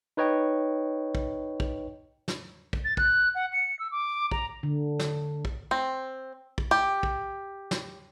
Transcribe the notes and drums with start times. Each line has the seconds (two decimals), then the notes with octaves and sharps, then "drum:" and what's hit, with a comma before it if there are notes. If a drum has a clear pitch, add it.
0.17 D#4 B4 C#5 D#5 G5
1.15 drum: kick
1.60 drum: kick
2.28 drum: snare
2.73 drum: kick
2.85 A6
2.97 F#6, drum: kick
3.35 F#5
3.53 C#7
3.79 E6
3.91 D6
4.32 A#5, drum: kick
4.63 D3
4.99 drum: snare
5.45 drum: kick
5.71 C4
6.58 drum: kick
6.71 G4
7.03 drum: kick
7.71 drum: snare